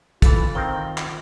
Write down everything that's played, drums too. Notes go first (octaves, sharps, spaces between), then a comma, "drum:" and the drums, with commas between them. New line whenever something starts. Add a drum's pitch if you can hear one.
E3 F4 A4 F5, drum: kick, hi-hat
D#3 C4 A#4 G5
drum: clap